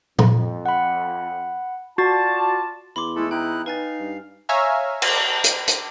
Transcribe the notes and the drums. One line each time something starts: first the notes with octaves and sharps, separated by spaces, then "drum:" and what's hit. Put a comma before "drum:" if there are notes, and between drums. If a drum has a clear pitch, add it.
F2, drum: tom A#2
F#5 B5
F4 F#4 D5 A5 A6
E2 B5 C6 D6
G#3 A3 E4 A4
D#4 E4 G5 A#5 F#6
D#4 B4 F5 G#5 A6
G2
C#5 E5 F5 G#5 A#5 F6
drum: cymbal
drum: hi-hat
drum: hi-hat